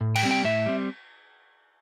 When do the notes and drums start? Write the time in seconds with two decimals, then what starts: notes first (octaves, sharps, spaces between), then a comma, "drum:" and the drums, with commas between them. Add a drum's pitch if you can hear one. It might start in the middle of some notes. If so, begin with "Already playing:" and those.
0.01 A2
0.16 G5, drum: cymbal
0.23 G3 C4
0.31 G5
0.44 A2 E5
0.66 G3 C4